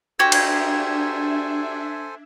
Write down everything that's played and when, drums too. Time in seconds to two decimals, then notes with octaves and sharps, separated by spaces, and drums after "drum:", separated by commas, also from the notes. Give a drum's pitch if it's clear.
0.19 D4 F#4 G4 A4 C5 E5 G#5 G#6
0.32 drum: cymbal